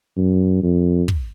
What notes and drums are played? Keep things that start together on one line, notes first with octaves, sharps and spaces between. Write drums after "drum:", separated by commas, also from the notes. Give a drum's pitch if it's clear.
F#2
F2
drum: kick